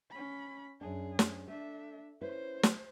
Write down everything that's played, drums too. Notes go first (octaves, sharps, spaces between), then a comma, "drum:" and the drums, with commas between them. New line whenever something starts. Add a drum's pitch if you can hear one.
C#4 B5
F#2 D4 G#4
drum: snare
A3 D4 E5
C#4 E4 B4 C5
drum: snare